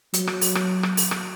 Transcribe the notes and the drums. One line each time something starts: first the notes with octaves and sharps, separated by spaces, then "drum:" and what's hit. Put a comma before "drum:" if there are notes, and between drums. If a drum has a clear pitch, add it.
F#3, drum: hi-hat
drum: rim click
drum: open hi-hat
drum: rim click
drum: rim click
drum: open hi-hat
drum: rim click